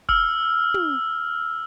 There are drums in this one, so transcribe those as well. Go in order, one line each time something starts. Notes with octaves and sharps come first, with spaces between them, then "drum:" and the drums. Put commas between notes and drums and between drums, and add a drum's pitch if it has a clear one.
E6 F6, drum: kick
drum: tom